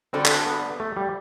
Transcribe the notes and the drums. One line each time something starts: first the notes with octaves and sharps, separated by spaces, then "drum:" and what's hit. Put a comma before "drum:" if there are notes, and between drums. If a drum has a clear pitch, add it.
D3 G3 C4 D4 F#4 A4
drum: clap
B3
A3
G3